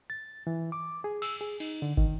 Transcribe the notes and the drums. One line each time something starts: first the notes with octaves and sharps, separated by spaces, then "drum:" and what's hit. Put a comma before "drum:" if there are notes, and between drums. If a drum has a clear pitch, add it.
A6
E3
D6
G#4
E6, drum: cymbal
G#4
D#4, drum: cymbal
D3
D#3, drum: kick